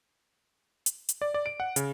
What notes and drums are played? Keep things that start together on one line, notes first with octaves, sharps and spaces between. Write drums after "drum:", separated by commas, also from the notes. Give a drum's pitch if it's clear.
drum: hi-hat
drum: hi-hat
D5
D5
D7
F#5
C#3, drum: hi-hat